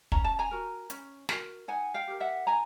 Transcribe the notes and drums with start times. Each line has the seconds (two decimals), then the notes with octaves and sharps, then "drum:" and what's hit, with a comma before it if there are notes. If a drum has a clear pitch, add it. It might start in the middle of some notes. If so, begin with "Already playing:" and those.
0.12 C#4 A#5, drum: kick
0.24 A5
0.39 G#5 A#5
0.51 F#4 A#4
0.90 C#4, drum: hi-hat
1.29 F#4 A#4, drum: snare
1.68 D#4 F#5 G#5
1.94 F5 G5
2.07 G4 A#4
2.20 E5 F#5
2.47 D#4 G#5 A#5